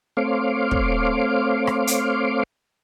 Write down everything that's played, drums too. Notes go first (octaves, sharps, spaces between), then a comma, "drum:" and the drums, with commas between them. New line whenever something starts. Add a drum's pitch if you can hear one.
A3 C4 C#5 F5 C6 D6
drum: kick
drum: rim click
drum: hi-hat